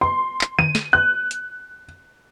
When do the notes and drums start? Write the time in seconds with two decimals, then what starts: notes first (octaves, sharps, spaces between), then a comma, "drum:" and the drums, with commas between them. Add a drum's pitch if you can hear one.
0.01 C6
0.41 drum: clap
0.59 D#7, drum: tom D3
0.75 drum: snare
0.93 F#6
1.31 drum: hi-hat